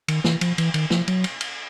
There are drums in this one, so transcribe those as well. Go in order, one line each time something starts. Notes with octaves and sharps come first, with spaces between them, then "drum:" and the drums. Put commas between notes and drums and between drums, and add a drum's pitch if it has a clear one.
D#3, drum: cymbal
E3, drum: snare
F3, drum: cymbal
E3, drum: cymbal
D#3, drum: cymbal
F3, drum: snare
F#3, drum: cymbal
drum: cymbal
drum: cymbal